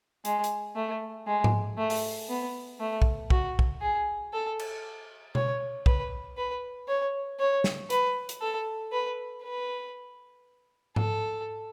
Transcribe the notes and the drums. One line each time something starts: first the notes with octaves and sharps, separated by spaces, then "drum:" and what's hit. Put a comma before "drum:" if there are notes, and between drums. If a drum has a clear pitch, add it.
G#3, drum: hi-hat
drum: hi-hat
A3
G#3
drum: tom G#2
A3
drum: open hi-hat
B3
A3
drum: kick B1
F#4, drum: kick B1
drum: kick B1
G#4
A4
drum: cymbal
C#5, drum: tom B2
B4, drum: kick B1
B4
C#5
C#5
drum: snare
B4, drum: hi-hat
drum: hi-hat
A4
B4
B4
A4, drum: tom G#2